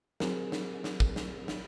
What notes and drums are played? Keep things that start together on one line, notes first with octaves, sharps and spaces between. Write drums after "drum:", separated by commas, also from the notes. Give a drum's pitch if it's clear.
F#3 C4 G#4 A#4, drum: snare
drum: snare
drum: snare
drum: kick
drum: snare
drum: snare